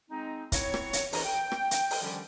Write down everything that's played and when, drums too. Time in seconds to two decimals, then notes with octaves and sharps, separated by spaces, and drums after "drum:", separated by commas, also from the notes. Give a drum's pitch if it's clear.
0.11 G#3 C4 D#4
0.52 F#3 C4 E4 C#5, drum: kick, hi-hat
0.74 drum: rim click
0.93 drum: hi-hat
1.13 E2 E3 D4 G4 C#5 A#5, drum: open hi-hat
1.25 G5
1.52 drum: rim click
1.71 drum: hi-hat
1.91 drum: open hi-hat
2.02 D3 D#3 F3 G3 C#4 G4